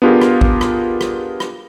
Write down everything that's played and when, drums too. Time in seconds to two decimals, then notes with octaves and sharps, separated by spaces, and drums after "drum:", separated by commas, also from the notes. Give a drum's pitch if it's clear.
0.02 B3 D4 F4 G4 G#4 A#4
0.21 drum: rim click
0.41 drum: kick
0.61 drum: rim click
1.01 drum: rim click
1.40 drum: rim click